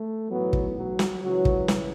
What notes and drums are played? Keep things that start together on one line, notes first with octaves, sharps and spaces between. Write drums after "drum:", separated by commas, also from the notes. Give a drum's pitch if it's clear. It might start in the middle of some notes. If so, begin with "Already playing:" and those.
Already playing: A3
B1 A2 E3 F#3 B3
drum: kick
F#3
drum: snare
C#2 C#3 E3 F#3
drum: kick
drum: snare